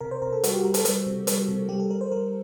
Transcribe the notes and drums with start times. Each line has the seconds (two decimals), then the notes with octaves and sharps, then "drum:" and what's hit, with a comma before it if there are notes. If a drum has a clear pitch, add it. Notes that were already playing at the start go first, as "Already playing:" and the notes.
0.01 C3 A#4
0.11 C5
0.22 C3 A#4
0.33 A4
0.44 G3 F#4, drum: hi-hat
0.53 G4
0.64 G3 A#4
0.74 A4, drum: hi-hat
0.85 G3, drum: hi-hat
1.06 C3
1.27 G3, drum: hi-hat
1.48 C3
1.69 G3 G4
1.80 A4
1.90 G3 A#4
2.01 C5
2.11 G3 A#4